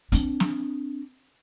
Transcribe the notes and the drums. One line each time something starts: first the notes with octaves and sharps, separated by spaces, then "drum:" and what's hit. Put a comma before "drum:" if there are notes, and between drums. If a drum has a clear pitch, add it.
C4 D4, drum: hi-hat
drum: snare